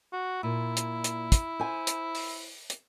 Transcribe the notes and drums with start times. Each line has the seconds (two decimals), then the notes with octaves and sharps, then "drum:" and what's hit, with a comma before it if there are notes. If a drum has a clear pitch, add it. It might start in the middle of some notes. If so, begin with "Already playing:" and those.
0.13 F#4
0.43 A#2 E4
0.77 drum: hi-hat
1.04 drum: hi-hat
1.32 drum: kick, hi-hat
1.60 C5 G#5
1.87 drum: hi-hat
2.15 drum: open hi-hat
2.70 drum: hi-hat